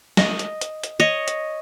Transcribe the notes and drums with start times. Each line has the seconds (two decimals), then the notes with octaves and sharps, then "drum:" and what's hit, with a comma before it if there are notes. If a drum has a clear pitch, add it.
0.17 D#5, drum: snare
0.39 drum: hi-hat
0.61 drum: hi-hat
0.83 drum: hi-hat
1.00 C#5 D#5 C#6
1.28 drum: hi-hat